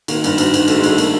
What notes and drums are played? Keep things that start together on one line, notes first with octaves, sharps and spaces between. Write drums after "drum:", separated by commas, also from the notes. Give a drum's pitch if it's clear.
D#3 A#3, drum: cymbal
G2, drum: cymbal
G2, drum: cymbal
D#3, drum: cymbal
D#3 A3, drum: cymbal
G#3
G2, drum: cymbal
A3
A#3, drum: cymbal